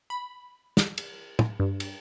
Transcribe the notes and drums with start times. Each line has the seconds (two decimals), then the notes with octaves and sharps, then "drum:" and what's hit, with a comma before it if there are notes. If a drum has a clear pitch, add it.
0.10 B5
0.77 drum: snare
0.98 drum: cymbal
1.39 drum: tom
1.60 G2
1.80 drum: cymbal